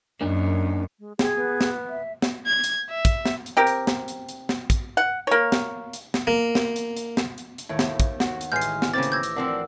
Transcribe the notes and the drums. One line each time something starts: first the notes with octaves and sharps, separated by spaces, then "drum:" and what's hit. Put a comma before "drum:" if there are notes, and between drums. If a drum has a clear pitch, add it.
F#2 A#3 D4 D#4
G#3
G#4 G5, drum: snare
B3
drum: snare
E5
drum: snare
G#6
drum: hi-hat
E5
drum: kick, hi-hat
drum: snare
drum: hi-hat
C4 G4 A#4
drum: hi-hat
drum: snare
drum: hi-hat
drum: hi-hat
drum: snare
drum: kick, hi-hat
F#5
A#3 C#5
drum: snare
drum: hi-hat
drum: snare
A#3
drum: snare
drum: hi-hat
drum: hi-hat
drum: snare
drum: hi-hat
drum: hi-hat
D#2 A2 E5
drum: snare
drum: kick, hi-hat
F#4 F#5, drum: snare
drum: hi-hat
A1 G#3 G#5 F6 G6 C7
drum: hi-hat
drum: snare
C#3 A#3 C4 C5 D6 A6
drum: hi-hat
D6 E6 G6 G#6 A#6
drum: hi-hat
F3 C4 D4 A#4 F#5 D6 E6